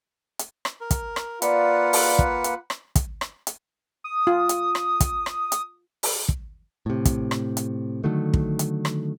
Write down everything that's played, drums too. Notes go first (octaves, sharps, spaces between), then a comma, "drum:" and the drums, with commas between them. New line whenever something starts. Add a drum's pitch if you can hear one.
drum: hi-hat
drum: rim click
A#4
drum: kick, hi-hat
drum: rim click
A#3 F4 B4 D5 F#5, drum: hi-hat
drum: open hi-hat
drum: kick
drum: hi-hat
drum: rim click
drum: kick, hi-hat
drum: rim click
drum: hi-hat
D#6
F4
drum: hi-hat
drum: rim click
drum: kick, hi-hat
drum: rim click
drum: hi-hat
drum: open hi-hat
drum: kick
A2 C3
drum: kick, hi-hat
drum: rim click
drum: hi-hat
D3 D#3 F#3 A3
drum: kick
drum: hi-hat
drum: rim click